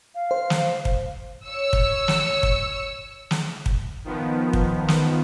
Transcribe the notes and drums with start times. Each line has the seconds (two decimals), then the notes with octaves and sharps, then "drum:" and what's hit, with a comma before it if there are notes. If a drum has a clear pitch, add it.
0.15 F5
0.31 C5
0.50 drum: snare
0.85 drum: kick
1.48 C#5 E6 C#7
1.73 drum: kick
2.08 drum: snare
2.43 drum: kick
3.31 drum: snare
3.66 drum: kick
4.05 D#3 F3 B3
4.53 drum: kick
4.88 drum: snare